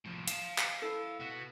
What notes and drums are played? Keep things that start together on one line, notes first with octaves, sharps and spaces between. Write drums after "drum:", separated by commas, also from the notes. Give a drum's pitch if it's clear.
A2 F3
F5 A5, drum: hi-hat
drum: clap
E4 A4
B3 F#4